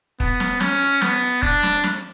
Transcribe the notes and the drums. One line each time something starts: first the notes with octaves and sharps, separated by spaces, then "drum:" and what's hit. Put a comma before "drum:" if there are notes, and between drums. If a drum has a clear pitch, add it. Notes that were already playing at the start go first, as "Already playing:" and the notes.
B3, drum: kick, hi-hat
drum: snare
C#4, drum: snare
drum: hi-hat
B3, drum: snare
drum: hi-hat
D4, drum: kick, hi-hat
drum: snare
drum: snare